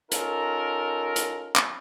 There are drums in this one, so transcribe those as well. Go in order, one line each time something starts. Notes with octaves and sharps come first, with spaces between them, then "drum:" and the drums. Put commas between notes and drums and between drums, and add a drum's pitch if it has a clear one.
C#4 D#4 F4 A4 A#4, drum: hi-hat
drum: hi-hat
drum: clap